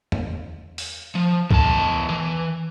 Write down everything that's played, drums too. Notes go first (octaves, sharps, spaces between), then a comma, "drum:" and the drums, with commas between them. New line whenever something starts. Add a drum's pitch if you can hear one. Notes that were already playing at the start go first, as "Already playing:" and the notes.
drum: tom E2
drum: open hi-hat
F3
E2 A5, drum: kick C2
E3